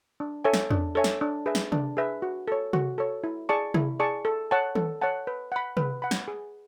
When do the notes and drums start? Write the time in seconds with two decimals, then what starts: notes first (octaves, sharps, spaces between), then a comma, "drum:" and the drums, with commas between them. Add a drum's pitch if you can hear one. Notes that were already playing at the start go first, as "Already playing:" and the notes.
0.20 D4
0.44 A4 C#5 E5 G#5
0.54 drum: snare
0.71 D4, drum: tom E2
0.95 A4 C#5 E5 G#5
1.04 drum: snare
1.21 D4
1.46 G#4 B4 E5
1.55 drum: snare
1.72 D4, drum: tom C3
1.97 G#4 B4 E5
2.22 F#4
2.48 A4 C#5
2.73 F#4, drum: tom C3
2.98 A4 C#5
3.24 E4
3.49 G#4 D5 A5 C#6
3.74 E4, drum: tom C3
4.00 G#4 D5 A5 C#6
4.25 A4
4.51 C#5 F#5 A5
4.75 A4, drum: tom D#3
5.01 C#5 F#5 A5
5.27 B4
5.52 F#5 B5
5.77 B4, drum: tom C3
6.02 F#5 B5
6.11 drum: snare
6.28 G#4